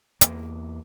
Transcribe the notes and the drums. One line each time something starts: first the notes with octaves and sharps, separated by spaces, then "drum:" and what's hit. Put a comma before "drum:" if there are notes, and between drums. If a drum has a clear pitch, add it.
E2 A#3, drum: hi-hat